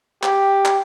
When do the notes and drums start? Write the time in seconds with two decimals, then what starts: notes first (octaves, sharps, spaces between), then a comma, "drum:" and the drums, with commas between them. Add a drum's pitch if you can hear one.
0.23 G4, drum: clap
0.65 drum: clap